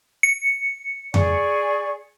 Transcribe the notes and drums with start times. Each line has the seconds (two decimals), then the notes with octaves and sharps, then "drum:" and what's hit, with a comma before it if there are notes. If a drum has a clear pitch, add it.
0.23 C#7
1.14 G#4 D5 C#6, drum: tom F2